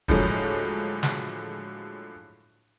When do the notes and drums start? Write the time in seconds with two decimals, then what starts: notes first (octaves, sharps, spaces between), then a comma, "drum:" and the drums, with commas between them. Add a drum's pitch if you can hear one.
0.08 A2 D3 F3 F#3 G#3 A#3, drum: kick
1.03 drum: snare